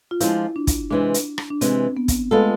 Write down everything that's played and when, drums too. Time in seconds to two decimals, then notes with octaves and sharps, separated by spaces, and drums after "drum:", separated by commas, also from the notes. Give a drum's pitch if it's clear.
0.11 F4
0.20 F3 G#3 D4 E4, drum: hi-hat
0.56 D4
0.67 drum: kick, hi-hat
0.91 C3 E3 G#3 D4
1.14 drum: hi-hat
1.38 drum: rim click
1.50 D4
1.61 C3 E3 G#3 C4, drum: hi-hat
1.97 B3
2.08 drum: kick, hi-hat
2.31 G#3 A3 B3 F4 A4